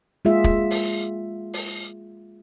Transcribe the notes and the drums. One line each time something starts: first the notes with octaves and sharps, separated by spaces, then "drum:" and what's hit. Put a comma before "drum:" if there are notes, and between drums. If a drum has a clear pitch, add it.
G#3 A#3 F4 G#4 E5
drum: kick
drum: open hi-hat
drum: open hi-hat